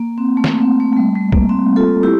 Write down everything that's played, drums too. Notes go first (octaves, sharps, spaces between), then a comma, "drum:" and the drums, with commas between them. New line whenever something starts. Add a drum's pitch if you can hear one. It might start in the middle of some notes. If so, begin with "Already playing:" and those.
Already playing: A#3
C4
A3
A#3, drum: snare
C4
A3
A3
G3
G3
A#3, drum: kick
C4
F4 A4
E4 G4